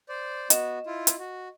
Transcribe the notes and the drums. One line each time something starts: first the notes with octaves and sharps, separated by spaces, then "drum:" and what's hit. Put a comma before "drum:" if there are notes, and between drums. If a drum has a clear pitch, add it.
C5 D5
B3 F#4 D#5 E7, drum: hi-hat
E4 F4
drum: hi-hat
F#4